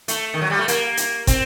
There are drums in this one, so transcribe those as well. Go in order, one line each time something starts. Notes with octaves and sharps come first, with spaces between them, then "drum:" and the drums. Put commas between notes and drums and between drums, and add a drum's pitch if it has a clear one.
A3, drum: hi-hat
D#3
F#3
G3
A3
A#3, drum: hi-hat
drum: hi-hat
C4, drum: kick, hi-hat